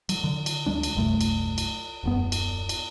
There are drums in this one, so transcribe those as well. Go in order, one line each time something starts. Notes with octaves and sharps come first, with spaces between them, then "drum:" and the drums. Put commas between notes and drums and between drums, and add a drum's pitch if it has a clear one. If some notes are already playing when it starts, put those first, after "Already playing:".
F#3, drum: cymbal
D3
drum: cymbal
D2 G#3 D4
drum: cymbal
D#1 C2 F#2 A3
drum: cymbal
drum: cymbal
D#1 F#2 B3
drum: cymbal
drum: cymbal